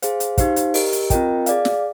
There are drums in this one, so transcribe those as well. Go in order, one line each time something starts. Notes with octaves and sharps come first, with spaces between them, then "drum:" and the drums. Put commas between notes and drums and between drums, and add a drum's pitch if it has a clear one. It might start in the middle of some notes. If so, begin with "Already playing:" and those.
G#4 C5 F5, drum: hi-hat
drum: hi-hat
D#4 G4 C5 F5, drum: kick, hi-hat
drum: hi-hat
G4 A#4 D#5, drum: open hi-hat
drum: hi-hat
C4 F4 A#4 D#5 G5, drum: kick, hi-hat
G#4 D5 F5, drum: hi-hat
drum: snare